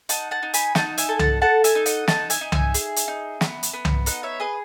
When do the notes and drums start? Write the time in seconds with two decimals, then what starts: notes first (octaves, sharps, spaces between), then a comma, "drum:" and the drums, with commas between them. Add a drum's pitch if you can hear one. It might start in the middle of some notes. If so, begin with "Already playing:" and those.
0.09 D#4 F#5 A5, drum: hi-hat
0.31 F#5 A5
0.43 D#4
0.54 G#5 B5, drum: hi-hat
0.75 D#4 F#5 A5, drum: snare
0.98 E5 G#5, drum: hi-hat
1.09 A4
1.19 F#5 A5, drum: tom C2
1.42 A4 F#5 A5
1.64 E5 G#5, drum: hi-hat
1.75 D#4
1.86 D#5 F#5, drum: hi-hat
2.08 D#4 F#5 A5, drum: snare
2.30 E5 G#5, drum: hi-hat
2.41 D#4
2.52 E5 G#5, drum: tom C2
2.74 G#4, drum: hi-hat
2.96 drum: hi-hat
3.08 D#4
3.41 B3, drum: snare
3.63 drum: hi-hat
3.73 B3
3.85 drum: tom C2
4.06 D#4 D#5 F#5, drum: hi-hat
4.23 C#5 E5
4.40 G#4 B4 D#5